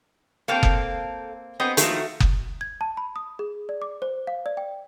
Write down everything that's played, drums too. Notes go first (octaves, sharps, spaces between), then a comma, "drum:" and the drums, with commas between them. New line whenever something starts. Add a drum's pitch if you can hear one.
A#3 C4 A4 F5 G5
drum: kick F#1
B3 C4 B4 D#5 G5
D#3 F3 A3 A#3 F#4, drum: hi-hat
drum: kick F#1
G#6
A5
B5
D#6
G#4
D5
D6
C5
F5
D5
G5